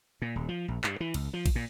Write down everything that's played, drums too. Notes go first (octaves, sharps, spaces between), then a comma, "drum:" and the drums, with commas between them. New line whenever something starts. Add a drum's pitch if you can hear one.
A#2
D#1
F3
A#1
G2, drum: clap
E3
C#2, drum: cymbal
F3
drum: kick A#1, cymbal
A#2